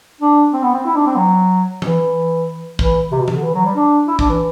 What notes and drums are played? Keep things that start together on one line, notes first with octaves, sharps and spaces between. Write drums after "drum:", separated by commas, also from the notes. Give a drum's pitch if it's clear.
D4
C4
B3
C4
E4
D4
C4
F#3
E3, drum: tom E3
E3, drum: kick
C3
B2
C3, drum: tom E3
D3
E3
F#3
G3
D4
E4
D4, drum: kick
E3